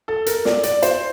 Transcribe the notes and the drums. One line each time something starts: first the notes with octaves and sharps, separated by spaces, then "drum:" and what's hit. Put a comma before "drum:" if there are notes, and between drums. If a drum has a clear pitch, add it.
A4
A#4, drum: hi-hat
D5, drum: snare
D5, drum: hi-hat
C5, drum: hi-hat